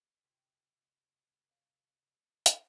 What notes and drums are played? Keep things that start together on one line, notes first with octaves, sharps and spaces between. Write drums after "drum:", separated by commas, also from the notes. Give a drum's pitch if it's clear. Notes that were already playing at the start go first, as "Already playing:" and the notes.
C3 F4 E5 G5
C#5 F5
drum: hi-hat